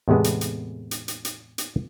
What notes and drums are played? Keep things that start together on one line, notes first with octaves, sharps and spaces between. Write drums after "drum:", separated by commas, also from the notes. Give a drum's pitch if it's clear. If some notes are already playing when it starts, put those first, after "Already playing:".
E2 A2 C3 G#3 B3
drum: hi-hat
drum: hi-hat
drum: hi-hat
drum: hi-hat
drum: hi-hat
drum: hi-hat